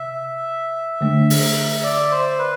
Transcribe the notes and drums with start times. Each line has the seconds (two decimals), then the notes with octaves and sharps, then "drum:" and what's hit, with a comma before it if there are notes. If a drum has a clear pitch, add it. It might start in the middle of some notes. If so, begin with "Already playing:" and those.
Already playing: C3 E5
1.01 D3 A3 D4
1.30 drum: open hi-hat
1.83 D5
2.12 C5
2.39 B4